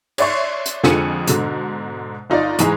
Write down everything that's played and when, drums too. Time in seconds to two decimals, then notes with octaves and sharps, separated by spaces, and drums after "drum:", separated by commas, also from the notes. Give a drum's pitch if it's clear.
0.18 C#5 D5 E5 C6 C#6, drum: cymbal
0.66 drum: hi-hat
0.84 F2 D3 F3 G#3 C#7 D#7, drum: snare
1.27 G#2 B2 D3, drum: hi-hat
2.30 G1 D#4 F4 D5
2.59 G#2 E3 G#3, drum: hi-hat